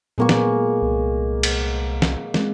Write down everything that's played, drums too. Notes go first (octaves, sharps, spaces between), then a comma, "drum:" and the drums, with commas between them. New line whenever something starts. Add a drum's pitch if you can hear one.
A#2 F#3 G#3 A#3 B3 C#6
drum: snare
C2
drum: cymbal
drum: snare
G#3 C4, drum: snare